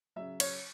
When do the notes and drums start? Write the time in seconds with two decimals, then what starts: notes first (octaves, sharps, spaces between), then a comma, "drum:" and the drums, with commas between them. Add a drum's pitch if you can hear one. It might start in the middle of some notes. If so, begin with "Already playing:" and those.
0.16 C#3 F#3 E5
0.40 C#5, drum: cymbal